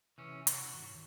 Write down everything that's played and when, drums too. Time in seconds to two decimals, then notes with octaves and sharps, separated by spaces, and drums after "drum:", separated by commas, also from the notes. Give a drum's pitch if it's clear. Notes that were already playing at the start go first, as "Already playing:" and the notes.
0.18 C3 E3 C#4
0.47 F#4, drum: hi-hat
0.74 G#2 D#3